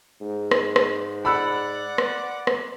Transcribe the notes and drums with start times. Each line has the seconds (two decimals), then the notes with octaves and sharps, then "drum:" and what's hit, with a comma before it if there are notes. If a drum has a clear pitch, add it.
0.21 G#2
0.51 drum: rim click
0.76 drum: rim click
1.25 D5 F#5 B5 E6 F#6
1.98 drum: rim click
2.47 drum: rim click